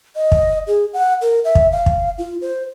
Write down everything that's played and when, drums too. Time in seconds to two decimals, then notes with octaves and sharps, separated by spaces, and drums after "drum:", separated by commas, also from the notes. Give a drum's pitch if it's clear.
0.16 D#5
0.32 drum: kick
0.67 G#4
0.93 F#5
1.21 A#4
1.44 E5
1.55 drum: kick
1.72 F5
1.86 drum: kick
2.18 F4
2.42 C5